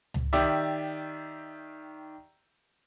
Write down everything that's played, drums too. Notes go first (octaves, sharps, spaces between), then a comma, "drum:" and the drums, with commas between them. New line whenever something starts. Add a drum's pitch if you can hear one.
drum: tom C#2
D#3 G4 D5 E5